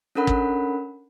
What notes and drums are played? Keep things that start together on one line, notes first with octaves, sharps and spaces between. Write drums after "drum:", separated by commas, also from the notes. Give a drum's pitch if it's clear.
C#4 D4 A4 A#4 F#5 B5
drum: kick